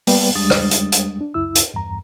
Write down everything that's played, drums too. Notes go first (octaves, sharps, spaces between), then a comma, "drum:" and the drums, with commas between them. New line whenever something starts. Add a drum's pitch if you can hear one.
G3 A#3 B3 B4 D5 G5, drum: open hi-hat
E2 G3 G#3 D4 D#6 A6
drum: rim click
drum: hi-hat
drum: hi-hat
D4
C#2 F#2 E4 E6
drum: hi-hat
E2 G2 A#5